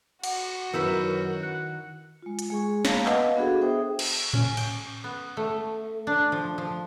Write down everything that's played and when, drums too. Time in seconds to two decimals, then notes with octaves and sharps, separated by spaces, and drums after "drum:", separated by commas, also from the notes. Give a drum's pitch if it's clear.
0.24 F#4 F#5, drum: cymbal
0.73 F#2 D#3 E4 A#4 B4 E6 G6
1.43 F#6 C#7
2.22 G#3 F4
2.39 drum: hi-hat
2.50 G#3 G#4 C#6
2.85 A#3 B3 F5 A5 A#5, drum: snare
3.06 B4 D#5 F5 F#5, drum: clap
3.36 B3 D4 F#4 G#4 A4
3.62 G#4 C5 E5 G5 D#6
3.99 drum: cymbal
4.33 C#4, drum: tom A2
4.57 G5, drum: cymbal
5.04 B3
5.37 A3
6.07 D4
6.32 F3
6.58 F3